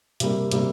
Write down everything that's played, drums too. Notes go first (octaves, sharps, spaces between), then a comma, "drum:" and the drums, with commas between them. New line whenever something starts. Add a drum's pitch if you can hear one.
C3 G3 A#3, drum: hi-hat
C3 G3 A#3, drum: hi-hat